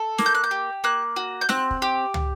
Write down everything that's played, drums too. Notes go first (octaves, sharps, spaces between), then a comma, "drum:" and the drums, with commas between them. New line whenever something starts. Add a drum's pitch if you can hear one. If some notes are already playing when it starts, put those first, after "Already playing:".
Already playing: A4
A#3, drum: snare
G6
F#6
G6
G4
A#3 F#6
F#4
G6
C4 F#6, drum: snare
drum: kick
G4
drum: tom